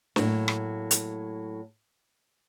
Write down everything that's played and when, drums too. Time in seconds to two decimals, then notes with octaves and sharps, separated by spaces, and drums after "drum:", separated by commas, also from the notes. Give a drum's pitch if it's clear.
0.16 A2 F#3 A#3, drum: snare
0.48 drum: rim click
0.91 drum: hi-hat